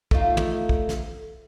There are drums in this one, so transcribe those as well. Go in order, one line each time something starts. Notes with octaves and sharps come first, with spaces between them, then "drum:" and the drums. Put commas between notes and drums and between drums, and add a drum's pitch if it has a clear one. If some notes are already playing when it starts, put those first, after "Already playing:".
A3 D#4 F4, drum: kick
drum: tom
drum: kick
drum: snare